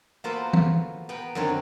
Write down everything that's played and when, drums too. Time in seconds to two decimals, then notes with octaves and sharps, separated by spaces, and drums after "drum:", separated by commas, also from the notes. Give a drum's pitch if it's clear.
0.24 A#3 B3 F4 F#4 A4 C5
0.53 drum: tom
1.09 B3 G5 A#5
1.35 F#2 D3 D#3 C4 C#5